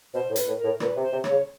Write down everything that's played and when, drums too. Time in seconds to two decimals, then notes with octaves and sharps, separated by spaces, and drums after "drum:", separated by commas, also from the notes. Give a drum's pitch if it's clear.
0.14 B2 C5
0.30 A2
0.36 B4, drum: hi-hat
0.48 A2
0.58 A#4
0.64 A2
0.80 A#2 B4, drum: rim click
0.97 C3
1.02 C5
1.12 C3
1.24 C#5, drum: rim click
1.30 C#3